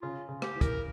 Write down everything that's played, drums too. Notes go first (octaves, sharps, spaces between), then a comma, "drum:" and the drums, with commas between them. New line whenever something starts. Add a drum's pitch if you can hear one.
C#3 F4
C#3
G4, drum: rim click
E3
A#4, drum: kick, hi-hat